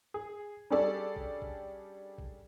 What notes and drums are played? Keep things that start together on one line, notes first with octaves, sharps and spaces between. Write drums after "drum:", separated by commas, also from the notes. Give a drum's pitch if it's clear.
G#4
G3 C#4 D4 G#4 A4 D5
drum: kick A#1
drum: kick A#1
drum: kick A#1